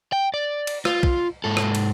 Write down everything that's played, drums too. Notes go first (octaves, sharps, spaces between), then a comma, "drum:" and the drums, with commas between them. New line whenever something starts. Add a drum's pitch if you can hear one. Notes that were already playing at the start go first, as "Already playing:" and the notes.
G5
D5
drum: cymbal
F4, drum: rim click
drum: kick
G#2 A4
drum: rim click
drum: cymbal